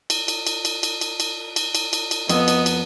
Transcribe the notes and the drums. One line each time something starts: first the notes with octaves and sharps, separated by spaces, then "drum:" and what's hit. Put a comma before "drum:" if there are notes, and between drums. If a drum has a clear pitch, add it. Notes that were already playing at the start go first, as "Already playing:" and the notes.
drum: cymbal
drum: cymbal
drum: cymbal
drum: cymbal
drum: cymbal
drum: cymbal
drum: cymbal
drum: cymbal
drum: cymbal
drum: cymbal
drum: cymbal
F2 B3 D#5, drum: cymbal
drum: cymbal
drum: cymbal